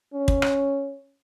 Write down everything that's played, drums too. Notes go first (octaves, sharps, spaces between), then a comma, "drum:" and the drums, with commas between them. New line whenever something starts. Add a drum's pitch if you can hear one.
C#4
drum: kick
drum: rim click